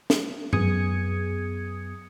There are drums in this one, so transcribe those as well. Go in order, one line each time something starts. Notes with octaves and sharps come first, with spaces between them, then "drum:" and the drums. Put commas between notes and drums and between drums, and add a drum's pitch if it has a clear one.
drum: snare
F#2 B3 G#4 D#6 G#6 C#7, drum: tom G2